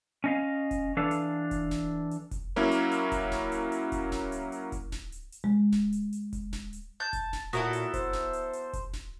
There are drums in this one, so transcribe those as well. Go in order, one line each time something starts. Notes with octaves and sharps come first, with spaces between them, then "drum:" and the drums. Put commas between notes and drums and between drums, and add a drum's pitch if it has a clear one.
C#4 D#5 F5
drum: kick F1, hi-hat
E3 D4 A4 F5
drum: hi-hat
drum: kick F1, hi-hat
drum: snare D1
drum: hi-hat
drum: kick F1, hi-hat
F#3 A#3 C#4 E4
drum: hi-hat
drum: hi-hat
drum: kick F1, hi-hat
drum: snare D1
drum: hi-hat
drum: hi-hat
drum: kick F1, hi-hat
drum: snare D1
drum: hi-hat
drum: hi-hat
drum: kick F1, hi-hat
drum: snare D1
drum: hi-hat
drum: hi-hat
G#3
drum: snare D1
drum: hi-hat
drum: hi-hat
drum: kick F1, hi-hat
drum: snare D1
drum: hi-hat
A5 G6
drum: kick F1, hi-hat
drum: snare D1
A#2 B3 E4 F#4 A4 A#4 C#5, drum: hi-hat
drum: hi-hat
C5, drum: kick F1, hi-hat
drum: snare D1
drum: hi-hat
drum: hi-hat
drum: kick F1, hi-hat
drum: snare D1